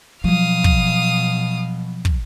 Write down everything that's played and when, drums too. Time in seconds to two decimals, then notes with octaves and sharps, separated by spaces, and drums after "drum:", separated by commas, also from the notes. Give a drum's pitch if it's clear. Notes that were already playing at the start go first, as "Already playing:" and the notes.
0.24 B2 F3 F#3 F5 D#6
0.64 drum: kick
2.05 drum: kick